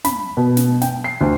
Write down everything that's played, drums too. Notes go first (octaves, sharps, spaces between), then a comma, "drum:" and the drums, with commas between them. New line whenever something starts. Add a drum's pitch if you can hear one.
B5, drum: snare
B2
drum: snare
G5, drum: snare
C7
D2